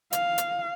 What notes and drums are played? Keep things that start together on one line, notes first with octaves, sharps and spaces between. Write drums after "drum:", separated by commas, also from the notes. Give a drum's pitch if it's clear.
F5, drum: hi-hat
drum: hi-hat